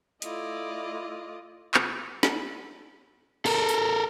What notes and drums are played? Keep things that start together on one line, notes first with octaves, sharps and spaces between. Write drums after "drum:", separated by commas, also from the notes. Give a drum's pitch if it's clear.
A3 E4 F4 D5 D#5, drum: hi-hat
drum: clap
drum: snare
A4 A#4, drum: cymbal
drum: tambourine